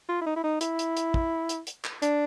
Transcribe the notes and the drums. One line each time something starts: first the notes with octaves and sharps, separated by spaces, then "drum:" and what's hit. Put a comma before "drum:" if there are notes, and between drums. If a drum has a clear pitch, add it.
F4
E4
D#4
E4
D#4
E4, drum: hi-hat
drum: hi-hat
drum: hi-hat
drum: kick
drum: hi-hat
drum: hi-hat
drum: clap
D4, drum: hi-hat